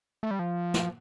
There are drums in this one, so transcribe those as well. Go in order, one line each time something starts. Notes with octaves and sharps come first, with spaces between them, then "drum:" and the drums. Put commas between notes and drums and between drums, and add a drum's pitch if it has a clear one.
A3
G3
F3
drum: snare